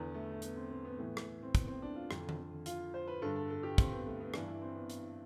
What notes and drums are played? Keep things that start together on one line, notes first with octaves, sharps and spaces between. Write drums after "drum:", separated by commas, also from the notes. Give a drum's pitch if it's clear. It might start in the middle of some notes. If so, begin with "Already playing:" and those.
Already playing: E2 D3 B3
A3
A3
B3, drum: hi-hat
C4
C4
B3
A2 E3
drum: rim click
C4
B3, drum: kick, hi-hat
C4
D4
F4
F2 D3, drum: rim click
drum: tom D#3
F4, drum: hi-hat
C5
B4
G2 D3 A4
A4
A4
G4
C4, drum: kick, hi-hat
B3
A3
B3
G2 E3 D4, drum: rim click
E4
C4
B3
drum: hi-hat